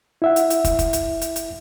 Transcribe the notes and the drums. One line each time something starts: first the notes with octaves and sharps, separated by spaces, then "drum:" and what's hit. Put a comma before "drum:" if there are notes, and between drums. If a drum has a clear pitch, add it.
E4 E5 F#5
drum: hi-hat
drum: hi-hat
drum: kick, hi-hat
drum: kick, hi-hat
drum: hi-hat
drum: hi-hat
drum: hi-hat